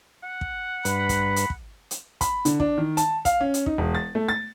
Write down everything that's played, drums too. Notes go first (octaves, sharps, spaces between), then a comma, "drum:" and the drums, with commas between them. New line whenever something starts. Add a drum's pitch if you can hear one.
F#5
drum: kick
G2 B4 B5, drum: hi-hat
drum: kick, hi-hat
drum: hi-hat
drum: kick
drum: hi-hat
B5, drum: kick, hi-hat
D3, drum: hi-hat
D4, drum: kick
D#3
A5, drum: hi-hat
F5, drum: kick, hi-hat
C#4
drum: hi-hat
D#4, drum: kick
E1
A6
A3
A6